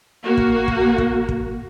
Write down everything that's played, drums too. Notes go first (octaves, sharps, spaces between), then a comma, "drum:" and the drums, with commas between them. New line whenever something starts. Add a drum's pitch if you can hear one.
A#3 F#4
drum: kick
drum: kick
drum: kick
drum: kick